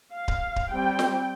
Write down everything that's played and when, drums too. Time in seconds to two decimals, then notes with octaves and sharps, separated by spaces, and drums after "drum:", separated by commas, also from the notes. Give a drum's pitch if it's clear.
0.14 F5
0.28 drum: kick D1
0.56 drum: kick D1
0.70 G3 C4 G5
0.99 drum: snare